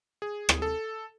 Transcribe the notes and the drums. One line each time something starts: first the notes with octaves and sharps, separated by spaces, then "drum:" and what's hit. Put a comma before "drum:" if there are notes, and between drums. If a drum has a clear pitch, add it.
G#4
drum: rim click
A4